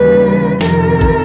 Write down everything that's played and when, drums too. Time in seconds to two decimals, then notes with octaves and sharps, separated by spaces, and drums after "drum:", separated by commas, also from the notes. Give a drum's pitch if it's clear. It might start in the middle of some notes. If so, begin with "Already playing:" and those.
Already playing: D#2 C#3 E3 G3 B4
0.61 F2 C3 D#3 A#4, drum: snare
1.01 drum: kick